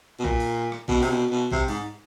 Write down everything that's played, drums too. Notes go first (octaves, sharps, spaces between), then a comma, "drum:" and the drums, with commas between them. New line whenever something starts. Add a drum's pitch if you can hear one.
B2
A#2, drum: kick A#1
drum: open hi-hat
drum: rim click
B2, drum: kick A#1
C3, drum: open hi-hat
B2
B2
C3, drum: kick A#1
G#2, drum: open hi-hat